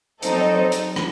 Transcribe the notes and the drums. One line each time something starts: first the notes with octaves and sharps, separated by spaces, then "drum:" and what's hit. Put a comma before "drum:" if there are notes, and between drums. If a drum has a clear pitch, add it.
F#3 C4 D#4 A4 C5, drum: hi-hat
D#5
C5
drum: hi-hat
drum: rim click